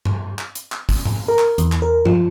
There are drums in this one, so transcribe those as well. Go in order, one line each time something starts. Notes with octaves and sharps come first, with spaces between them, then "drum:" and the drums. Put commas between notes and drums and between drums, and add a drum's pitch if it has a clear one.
drum: tom G2
drum: clap
drum: hi-hat
drum: clap
drum: kick, open hi-hat
drum: tom G#2
A#4
drum: clap
E2, drum: hi-hat
drum: clap
A#4
F3, drum: tom G2